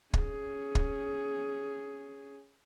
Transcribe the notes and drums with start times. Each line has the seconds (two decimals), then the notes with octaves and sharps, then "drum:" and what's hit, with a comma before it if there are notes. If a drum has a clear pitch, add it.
0.13 C#4 G#4, drum: kick
0.75 drum: kick